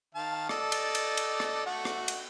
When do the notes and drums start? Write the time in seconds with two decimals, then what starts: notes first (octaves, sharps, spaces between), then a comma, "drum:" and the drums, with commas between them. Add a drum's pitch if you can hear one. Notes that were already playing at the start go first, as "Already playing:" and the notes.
0.15 D#3 F5 A5
0.49 A4 D5 D#5, drum: rim click
0.72 drum: cymbal
0.95 drum: cymbal
1.17 drum: cymbal
1.40 drum: rim click
1.66 A3 F#4 F#5
1.85 drum: rim click
2.08 drum: cymbal